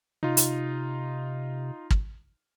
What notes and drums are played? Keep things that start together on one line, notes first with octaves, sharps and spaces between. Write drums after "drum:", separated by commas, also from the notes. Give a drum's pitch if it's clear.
C3 D#4 F4
drum: hi-hat
drum: kick